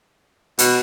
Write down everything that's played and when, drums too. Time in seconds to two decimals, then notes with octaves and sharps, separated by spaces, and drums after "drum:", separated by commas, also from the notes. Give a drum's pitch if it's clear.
0.59 B2, drum: hi-hat